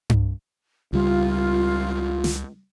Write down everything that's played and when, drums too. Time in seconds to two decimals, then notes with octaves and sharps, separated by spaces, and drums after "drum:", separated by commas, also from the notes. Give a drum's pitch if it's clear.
0.10 drum: tom G2
0.93 C#2 G3 F4
2.24 drum: snare